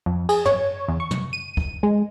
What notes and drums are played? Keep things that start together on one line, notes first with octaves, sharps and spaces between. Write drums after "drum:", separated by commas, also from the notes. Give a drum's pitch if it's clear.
F2
G#4, drum: cymbal
C#5, drum: tom
E2
C#6
drum: tom
D#7
drum: kick
G#3